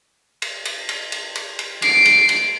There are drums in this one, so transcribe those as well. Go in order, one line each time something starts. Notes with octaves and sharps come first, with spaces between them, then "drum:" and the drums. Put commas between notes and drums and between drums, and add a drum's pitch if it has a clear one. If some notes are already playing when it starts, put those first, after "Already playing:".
drum: cymbal
drum: cymbal
drum: cymbal
drum: cymbal
drum: cymbal
drum: cymbal
C7 D7, drum: cymbal
drum: cymbal
drum: cymbal